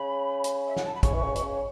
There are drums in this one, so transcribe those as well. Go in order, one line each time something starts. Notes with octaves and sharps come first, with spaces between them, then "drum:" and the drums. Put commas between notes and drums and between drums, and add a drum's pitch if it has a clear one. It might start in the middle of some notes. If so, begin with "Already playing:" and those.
Already playing: C#3 B5
drum: hi-hat
E5
F#5, drum: snare
A5
B5
C#3 C#6, drum: kick, hi-hat
E3
C#3
B2, drum: hi-hat
C#3